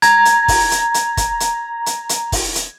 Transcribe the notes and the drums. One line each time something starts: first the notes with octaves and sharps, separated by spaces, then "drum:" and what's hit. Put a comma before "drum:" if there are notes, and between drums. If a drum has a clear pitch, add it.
A#5 G#6, drum: hi-hat
drum: hi-hat
drum: kick, open hi-hat
drum: hi-hat
drum: hi-hat
drum: kick, hi-hat
drum: hi-hat
drum: hi-hat
drum: hi-hat
drum: kick, open hi-hat
drum: hi-hat